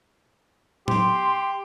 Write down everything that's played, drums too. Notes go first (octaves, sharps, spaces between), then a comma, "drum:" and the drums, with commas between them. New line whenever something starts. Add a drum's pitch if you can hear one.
G4 C6, drum: tom